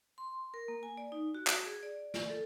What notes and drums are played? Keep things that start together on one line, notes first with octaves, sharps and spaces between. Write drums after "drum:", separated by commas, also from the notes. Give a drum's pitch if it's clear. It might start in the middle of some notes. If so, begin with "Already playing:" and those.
C6
A#4
A#3
G#5
D5
D#4
F#4
drum: clap
G#4
D5
D5, drum: snare
A4